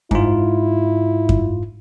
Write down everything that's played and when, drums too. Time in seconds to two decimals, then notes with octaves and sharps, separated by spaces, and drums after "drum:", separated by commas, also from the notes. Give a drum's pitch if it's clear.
0.11 G#2 E4 F4, drum: kick F#2
1.29 drum: kick F#2